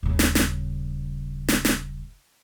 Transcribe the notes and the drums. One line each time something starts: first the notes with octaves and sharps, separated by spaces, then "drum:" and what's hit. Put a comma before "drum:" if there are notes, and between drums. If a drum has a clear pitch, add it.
D#1 C#3
drum: snare
drum: snare
drum: snare
drum: snare